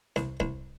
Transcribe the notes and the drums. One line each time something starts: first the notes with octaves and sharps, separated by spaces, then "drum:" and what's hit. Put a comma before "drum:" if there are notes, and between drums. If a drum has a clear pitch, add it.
C2, drum: snare
C2, drum: kick C#1